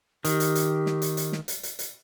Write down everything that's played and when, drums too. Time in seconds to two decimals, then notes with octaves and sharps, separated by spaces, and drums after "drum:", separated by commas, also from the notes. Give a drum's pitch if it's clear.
0.25 D#3 G4, drum: hi-hat
0.40 drum: hi-hat
0.55 drum: hi-hat
0.86 drum: snare
1.02 drum: hi-hat
1.17 drum: hi-hat
1.32 drum: snare
1.48 drum: hi-hat
1.63 drum: hi-hat
1.79 drum: hi-hat